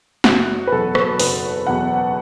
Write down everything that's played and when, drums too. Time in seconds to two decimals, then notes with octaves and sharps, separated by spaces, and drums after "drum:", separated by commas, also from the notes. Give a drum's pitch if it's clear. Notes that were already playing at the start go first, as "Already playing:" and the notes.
0.24 F#1 F#4, drum: snare
0.67 B4
0.72 E2 B2 F#3 A4
0.95 drum: rim click
1.20 F#1 B4, drum: open hi-hat
1.67 E2 B2 F#3 F#5